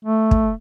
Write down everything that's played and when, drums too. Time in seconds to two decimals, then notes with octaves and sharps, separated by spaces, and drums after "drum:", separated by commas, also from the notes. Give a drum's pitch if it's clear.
0.05 A3
0.31 drum: kick